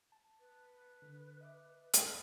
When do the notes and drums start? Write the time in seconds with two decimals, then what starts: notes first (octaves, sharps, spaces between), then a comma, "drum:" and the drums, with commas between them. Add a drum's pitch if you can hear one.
0.12 A5
0.40 B4
1.02 D3
1.41 D#5 E5 D6
1.93 G#5 B5, drum: hi-hat